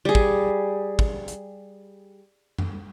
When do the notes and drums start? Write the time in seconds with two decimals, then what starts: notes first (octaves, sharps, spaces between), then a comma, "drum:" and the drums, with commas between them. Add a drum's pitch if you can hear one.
0.05 G3 G#4
0.15 drum: kick
0.99 drum: kick
1.28 drum: hi-hat
2.58 drum: tom F#2